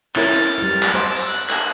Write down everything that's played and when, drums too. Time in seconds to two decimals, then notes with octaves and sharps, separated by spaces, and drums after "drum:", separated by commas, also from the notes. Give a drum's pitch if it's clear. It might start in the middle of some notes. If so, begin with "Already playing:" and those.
0.16 C#4 E4 A#4 F6 A6, drum: clap
0.33 drum: tambourine
0.58 G3 B4
0.83 drum: clap
0.94 C5 D6 E6
1.16 drum: tambourine
1.27 F#6
1.50 drum: clap